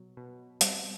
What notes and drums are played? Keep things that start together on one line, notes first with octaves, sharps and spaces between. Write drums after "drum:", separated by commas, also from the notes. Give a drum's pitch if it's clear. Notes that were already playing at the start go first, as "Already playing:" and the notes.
Already playing: B2 F#3
B2
G3 C4, drum: hi-hat